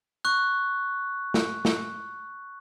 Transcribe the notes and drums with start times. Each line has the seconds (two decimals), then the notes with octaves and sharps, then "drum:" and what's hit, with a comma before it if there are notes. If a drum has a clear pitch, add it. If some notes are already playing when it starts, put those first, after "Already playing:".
0.25 C#6 F#6
1.34 drum: snare
1.65 drum: snare